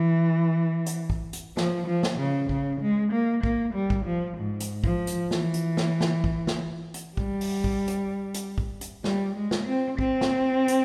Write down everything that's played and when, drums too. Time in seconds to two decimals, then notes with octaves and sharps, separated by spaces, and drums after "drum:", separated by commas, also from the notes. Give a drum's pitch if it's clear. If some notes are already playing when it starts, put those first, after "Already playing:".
Already playing: E3
0.86 drum: hi-hat
1.10 drum: kick
1.33 drum: hi-hat
1.57 F3, drum: snare
1.87 F3
2.03 drum: snare
2.19 C#3
2.49 C#3, drum: kick
2.81 G#3
3.12 A#3
3.43 A#3, drum: kick
3.74 G3
3.90 drum: kick
4.05 F3
4.37 G#2
4.60 drum: hi-hat
4.84 F3, drum: kick
5.07 drum: hi-hat
5.31 E3, drum: snare
5.54 drum: hi-hat
5.77 drum: snare
6.01 drum: snare
6.24 drum: kick
6.47 drum: snare
6.94 drum: hi-hat
7.17 G3, drum: kick
7.41 drum: open hi-hat
7.64 drum: kick
7.88 drum: hi-hat
8.34 drum: hi-hat
8.58 drum: kick
8.81 drum: hi-hat
9.04 G3, drum: snare
9.36 G#3
9.51 drum: snare
9.66 C4
9.99 C4, drum: kick
10.21 drum: snare
10.68 drum: hi-hat